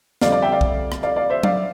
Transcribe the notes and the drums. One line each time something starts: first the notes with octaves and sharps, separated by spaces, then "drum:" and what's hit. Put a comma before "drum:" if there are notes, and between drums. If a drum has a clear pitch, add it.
F2 D3 G3 C4 D5 F5, drum: snare
D5 F5
E5 G5
D5 F5
drum: kick
drum: rim click
D5 F5
D5 F5
C5 E5
D5 F5, drum: tom F#3